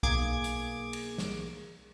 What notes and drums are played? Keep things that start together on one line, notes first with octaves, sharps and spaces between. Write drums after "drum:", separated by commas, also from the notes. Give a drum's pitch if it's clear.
B1 A#3 G#4 D6 G#6, drum: kick B1
drum: hi-hat
drum: cymbal
drum: snare